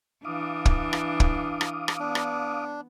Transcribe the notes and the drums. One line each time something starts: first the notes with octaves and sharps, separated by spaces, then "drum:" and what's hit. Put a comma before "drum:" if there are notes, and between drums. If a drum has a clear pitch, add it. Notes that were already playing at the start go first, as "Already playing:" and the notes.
E3 D4 F5 D6 D#6
drum: kick
drum: rim click
drum: kick
drum: rim click
drum: rim click
B3 D4
drum: rim click